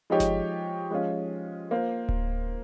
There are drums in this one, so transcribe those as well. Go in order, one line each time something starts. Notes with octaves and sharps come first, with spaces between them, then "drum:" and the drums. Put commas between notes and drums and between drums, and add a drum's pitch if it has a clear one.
F3 G#3 D#4 G4 C#5
drum: snare G1
F3 G#3 C#4 F4
A#3 F4 C5
drum: kick D1